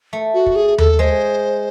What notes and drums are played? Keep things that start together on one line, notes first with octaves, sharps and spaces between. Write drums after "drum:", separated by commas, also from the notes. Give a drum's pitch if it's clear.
A3
F#4
drum: kick
G#4
A4, drum: tom D#2
G#3 C5